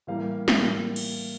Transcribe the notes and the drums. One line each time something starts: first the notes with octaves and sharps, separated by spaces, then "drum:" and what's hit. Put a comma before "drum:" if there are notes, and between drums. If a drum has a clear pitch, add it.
A2 E3 G3 A#3 F5
A2 E3 G3 A#3, drum: snare
drum: cymbal